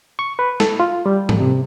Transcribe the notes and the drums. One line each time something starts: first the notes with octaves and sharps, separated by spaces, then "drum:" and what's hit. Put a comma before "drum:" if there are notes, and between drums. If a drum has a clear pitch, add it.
C#6
B4
A4, drum: snare
F4
G3
drum: tom G#2
C3